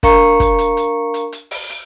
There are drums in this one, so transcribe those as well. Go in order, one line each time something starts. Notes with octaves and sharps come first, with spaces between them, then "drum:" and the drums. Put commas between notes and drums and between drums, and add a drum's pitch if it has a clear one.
D4 A#4 F5 A#5 C#6 C#7, drum: kick, hi-hat
drum: kick, hi-hat
drum: hi-hat
drum: hi-hat
drum: hi-hat
drum: hi-hat
drum: open hi-hat
drum: hi-hat